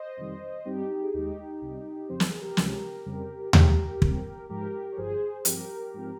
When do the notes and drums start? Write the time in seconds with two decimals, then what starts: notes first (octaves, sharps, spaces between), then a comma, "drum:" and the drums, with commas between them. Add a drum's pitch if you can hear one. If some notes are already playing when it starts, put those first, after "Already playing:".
Already playing: C5 D#5
0.17 F2 C3 D#3 G3
0.65 G2 G3 C4 D#4 G4
1.03 G#4
1.13 D#2 D#3 G#3 D#4 G4
1.61 C2 C3 G3
2.09 F2 C#3 F3 C4 C5
2.20 A#4, drum: snare
2.30 G#4
2.41 G4 A#4
2.57 C#2 C3 F3 G#3 C#4, drum: snare
3.06 F2 C#3 G3 C4
3.53 G#2 D#3 G#3 G4 A#4, drum: tom D#2
4.02 A#1 A#2 G3 C4, drum: kick
4.49 G#2 F3 G#3 G4 A#4
4.92 C#5
4.97 G1 G2 F3 G#4 C5
5.41 G#4
5.45 G2 F3 C4 G4 A#4, drum: hi-hat
5.94 G#2 F3 C4